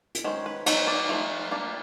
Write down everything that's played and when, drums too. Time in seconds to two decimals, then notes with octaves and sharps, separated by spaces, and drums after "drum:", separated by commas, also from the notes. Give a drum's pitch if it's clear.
0.15 drum: hi-hat
0.24 D#3 G#3 C#4 C5
0.46 B4
0.66 F#3 B3 D#4 C5, drum: cymbal
0.87 D5
1.09 F3 A3 C4 D#4
1.51 G3 A#3 D4